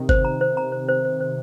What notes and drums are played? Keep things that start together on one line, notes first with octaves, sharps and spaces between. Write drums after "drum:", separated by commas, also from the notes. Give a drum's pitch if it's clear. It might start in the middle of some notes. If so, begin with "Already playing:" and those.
Already playing: C3 D#3
C5, drum: kick G1
A#5
C5
A#5
C5
C5
C5
C5